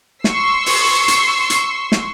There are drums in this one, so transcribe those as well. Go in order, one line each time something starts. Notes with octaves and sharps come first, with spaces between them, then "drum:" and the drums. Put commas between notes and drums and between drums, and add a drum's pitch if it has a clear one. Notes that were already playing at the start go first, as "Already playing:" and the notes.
C6 C#6 E6 C7, drum: snare
drum: open hi-hat
drum: hi-hat
drum: hi-hat
drum: snare